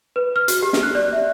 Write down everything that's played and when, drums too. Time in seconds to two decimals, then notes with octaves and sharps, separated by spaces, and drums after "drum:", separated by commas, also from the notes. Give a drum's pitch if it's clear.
0.16 B4
0.36 F6
0.48 F#4, drum: hi-hat
0.63 G4
0.73 drum: snare
0.83 F#6
0.95 D5
1.12 E5